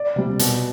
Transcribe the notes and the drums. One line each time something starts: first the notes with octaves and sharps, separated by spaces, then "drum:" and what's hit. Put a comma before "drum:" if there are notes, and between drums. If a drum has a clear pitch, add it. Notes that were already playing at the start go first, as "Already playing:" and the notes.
Already playing: D5
C3 G3
B2, drum: hi-hat